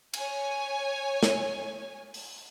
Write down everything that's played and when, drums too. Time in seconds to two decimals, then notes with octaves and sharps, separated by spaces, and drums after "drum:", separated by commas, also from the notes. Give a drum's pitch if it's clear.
0.14 C#5 G#5, drum: cymbal
1.23 drum: snare
2.14 drum: open hi-hat